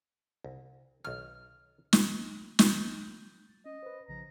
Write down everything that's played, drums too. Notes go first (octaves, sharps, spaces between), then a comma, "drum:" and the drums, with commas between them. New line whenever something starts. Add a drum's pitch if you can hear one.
C2
B1 D#3 F6
drum: snare
G6 A6, drum: snare
C#4 D#5
B4 C5
A#1 C#3 F3 A#5